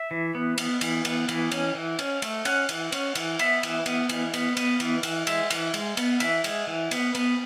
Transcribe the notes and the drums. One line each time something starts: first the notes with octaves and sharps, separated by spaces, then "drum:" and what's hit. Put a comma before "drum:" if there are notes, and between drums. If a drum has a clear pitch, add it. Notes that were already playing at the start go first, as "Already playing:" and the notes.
Already playing: E5
E3
B3
B3, drum: cymbal
E3, drum: cymbal
B3, drum: cymbal
E3, drum: cymbal
C#4, drum: cymbal
E3
C#4, drum: cymbal
A3, drum: cymbal
C#4 F#5, drum: cymbal
E3, drum: cymbal
C#4, drum: cymbal
E3, drum: cymbal
B3 E5, drum: cymbal
E3, drum: cymbal
B3, drum: cymbal
E3, drum: cymbal
B3, drum: cymbal
B3, drum: cymbal
E3, drum: cymbal
E3, drum: cymbal
G#3 E5, drum: cymbal
E3, drum: cymbal
G#3, drum: cymbal
B3, drum: cymbal
E3 E5, drum: cymbal
G#3, drum: cymbal
E3
B3, drum: cymbal
B3, drum: cymbal